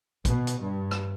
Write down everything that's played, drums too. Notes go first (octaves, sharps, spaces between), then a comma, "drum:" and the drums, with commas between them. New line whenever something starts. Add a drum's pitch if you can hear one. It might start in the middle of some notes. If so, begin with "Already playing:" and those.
B2, drum: kick, hi-hat
drum: hi-hat
G2
drum: rim click